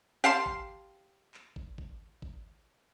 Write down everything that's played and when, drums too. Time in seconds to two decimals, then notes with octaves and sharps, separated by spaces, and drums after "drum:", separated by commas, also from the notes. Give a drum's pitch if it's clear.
0.24 G4 F5 A5 C6
0.46 drum: kick
1.34 drum: clap
1.56 drum: kick
1.78 drum: kick
2.22 drum: kick